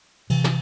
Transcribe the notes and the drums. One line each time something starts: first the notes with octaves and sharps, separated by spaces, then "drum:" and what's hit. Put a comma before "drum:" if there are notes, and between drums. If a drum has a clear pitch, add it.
C3 E3, drum: cymbal
drum: snare